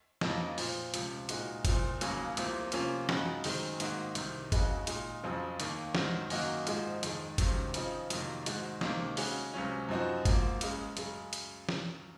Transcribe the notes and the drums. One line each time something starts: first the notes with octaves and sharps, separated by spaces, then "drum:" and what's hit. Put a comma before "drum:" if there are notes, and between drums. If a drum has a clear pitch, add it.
F2 C#3 F#3 A#3 D#4, drum: snare
A#2 F3 C4, drum: open hi-hat
C#2 C3 F3, drum: hi-hat
A#2 G#3 D#4 F#4, drum: hi-hat
C2 A#2 F3 C4, drum: kick G1, hi-hat
D#2 C#3 F#3 A#3 C#4, drum: hi-hat
C2 C3 F3 A#3, drum: hi-hat
C3 F3 A#3 C#4 F4, drum: hi-hat
F#2 C#3 G#3 D#4 F#4, drum: snare
F#2 D#3 G#3 C4, drum: open hi-hat
G#2 D#3 A#3 D#4 F#4, drum: hi-hat
C2 C3 D#3, drum: hi-hat
D#2 C#3 G#3 D#4 F#4, drum: kick G1, hi-hat
A#2 G#3 D#4, drum: hi-hat
F2 C#3 F#3 C4
D#2 D#3 A#3, drum: hi-hat
G#2 D#3 F#3, drum: snare
F#2 D#3 A#3 D#4 F#4, drum: open hi-hat
G#2 F3 G#3 D#4, drum: hi-hat
F2 D#3 G#3, drum: hi-hat
C#2 C3 D#3 F#3 C4, drum: kick G1, hi-hat
C#3 F3 C4 D#4, drum: hi-hat
F2 C3 D#3 F#3 A#3, drum: hi-hat
G#2 D#3 G#3 D#4 F#4, drum: hi-hat
C#2 C3 D#3 A#3, drum: snare
C#3 G#3 C#4 F#4, drum: open hi-hat
C#2 C3 F#3 C#4
F#2 F3 C4 D#4 F#4
G#2 F3 A#3, drum: kick G1, hi-hat
C#2 C#3 G#3, drum: hi-hat
F#2 C#3 G#3, drum: hi-hat
drum: hi-hat
drum: snare